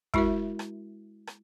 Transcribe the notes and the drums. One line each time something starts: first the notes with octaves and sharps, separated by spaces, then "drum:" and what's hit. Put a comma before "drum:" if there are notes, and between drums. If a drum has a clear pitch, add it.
G#3 E4 F#4 A#4 E5, drum: kick
drum: rim click
drum: rim click